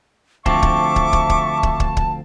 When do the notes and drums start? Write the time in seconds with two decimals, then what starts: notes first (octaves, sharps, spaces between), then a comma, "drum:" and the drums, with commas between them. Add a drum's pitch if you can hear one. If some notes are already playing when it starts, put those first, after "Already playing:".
0.46 D2 F3 C4 E5 A5 C#6 D6, drum: kick
0.63 drum: kick
0.96 drum: kick
1.13 drum: kick
1.30 drum: kick
1.63 drum: kick
1.80 drum: kick
1.97 drum: kick